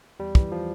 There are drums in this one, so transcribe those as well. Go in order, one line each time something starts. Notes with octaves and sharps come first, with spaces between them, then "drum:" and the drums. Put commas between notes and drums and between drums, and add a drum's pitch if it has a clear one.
E2 G3
E3, drum: kick
F3